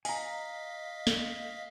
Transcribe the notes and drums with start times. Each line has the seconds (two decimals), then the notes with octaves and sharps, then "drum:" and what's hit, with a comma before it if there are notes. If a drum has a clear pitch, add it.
0.05 D#5 F5 G#5 A#5 B6, drum: open hi-hat
1.07 drum: snare